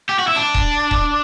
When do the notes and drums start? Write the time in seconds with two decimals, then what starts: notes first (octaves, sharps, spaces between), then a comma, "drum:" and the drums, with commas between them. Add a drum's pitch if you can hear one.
0.09 G4
0.19 F#4
0.28 E4
0.36 D4
0.54 drum: kick D#1
0.91 drum: kick D#1